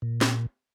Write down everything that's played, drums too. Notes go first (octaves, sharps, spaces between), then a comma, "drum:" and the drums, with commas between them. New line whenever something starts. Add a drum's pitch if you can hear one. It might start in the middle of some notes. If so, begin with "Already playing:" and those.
A#2
drum: snare